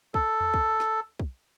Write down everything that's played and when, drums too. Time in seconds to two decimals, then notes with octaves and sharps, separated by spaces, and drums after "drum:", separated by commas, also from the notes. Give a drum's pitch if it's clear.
0.14 A4, drum: kick
0.41 drum: tom E2
0.54 drum: kick
0.80 drum: snare
1.19 drum: kick